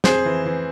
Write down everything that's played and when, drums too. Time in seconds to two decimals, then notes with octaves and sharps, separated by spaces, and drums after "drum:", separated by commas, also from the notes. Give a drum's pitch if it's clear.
0.04 F2 G#4 C5, drum: snare
0.25 E3
0.45 E3